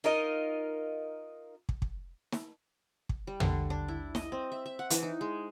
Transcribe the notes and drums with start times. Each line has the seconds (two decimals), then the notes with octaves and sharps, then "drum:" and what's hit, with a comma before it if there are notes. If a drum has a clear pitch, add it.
0.04 D#4 F4 A#4 D#5
1.69 drum: kick
1.82 drum: kick
2.32 drum: snare
3.09 drum: kick
3.27 G3
3.40 D3, drum: tom
3.70 D4
3.88 E4
4.15 D#5, drum: snare
4.32 C4
4.52 E5
4.66 E5
4.79 F#5
4.90 E3, drum: hi-hat
5.03 D#4
5.21 G#3